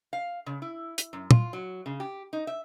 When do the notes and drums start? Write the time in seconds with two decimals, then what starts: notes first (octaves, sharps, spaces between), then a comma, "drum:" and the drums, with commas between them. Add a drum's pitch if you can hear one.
0.13 F5
0.46 C#3
0.62 E4
0.98 drum: hi-hat
1.13 F#2
1.31 F4, drum: tom
1.53 F#3
1.86 C#3
2.00 G4
2.33 D#4
2.47 E5